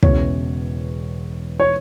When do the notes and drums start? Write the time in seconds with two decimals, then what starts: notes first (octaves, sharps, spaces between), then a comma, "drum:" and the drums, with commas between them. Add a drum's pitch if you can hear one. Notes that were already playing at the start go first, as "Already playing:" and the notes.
0.03 E1 E2 C#3 E3 C#5, drum: kick
1.60 C#5